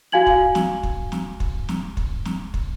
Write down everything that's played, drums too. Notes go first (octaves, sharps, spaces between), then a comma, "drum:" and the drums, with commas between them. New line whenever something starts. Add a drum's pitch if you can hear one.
F#4 F5 G#5 G#6 F#7
drum: kick
drum: snare
drum: kick
drum: snare
drum: kick
drum: snare
drum: kick
drum: snare
drum: kick